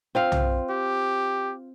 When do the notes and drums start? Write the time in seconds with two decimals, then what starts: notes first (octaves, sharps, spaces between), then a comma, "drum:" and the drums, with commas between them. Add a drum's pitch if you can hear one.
0.15 C4 F4 F5
0.32 drum: tom
0.69 G4